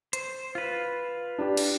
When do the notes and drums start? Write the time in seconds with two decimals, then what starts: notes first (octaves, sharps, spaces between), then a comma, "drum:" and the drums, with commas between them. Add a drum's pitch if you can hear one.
0.13 C5, drum: hi-hat
0.55 F4 B4
1.39 D4 G4
1.57 drum: cymbal